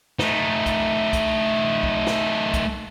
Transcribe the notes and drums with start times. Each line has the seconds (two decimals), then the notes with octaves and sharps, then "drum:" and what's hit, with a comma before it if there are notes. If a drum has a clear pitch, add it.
0.19 A3 D#4, drum: snare
0.66 drum: kick, hi-hat
1.13 drum: kick, hi-hat
1.83 drum: kick
2.07 drum: snare
2.54 drum: kick, hi-hat